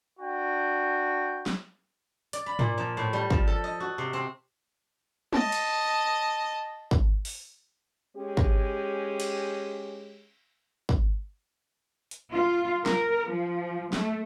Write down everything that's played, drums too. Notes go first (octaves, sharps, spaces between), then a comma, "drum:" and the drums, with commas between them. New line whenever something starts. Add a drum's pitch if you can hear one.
D4 F#4 G5
drum: snare
D5, drum: hi-hat
B5
A#2, drum: tom
F3
A2
G3
F3, drum: kick
A4
D#5
F#4
C3
C4
D#5 A5, drum: tom
drum: cymbal
drum: kick
drum: open hi-hat
G#3 C#4 G4
drum: kick
drum: cymbal
drum: kick
drum: hi-hat
F4
A#4, drum: snare
F3
A3, drum: snare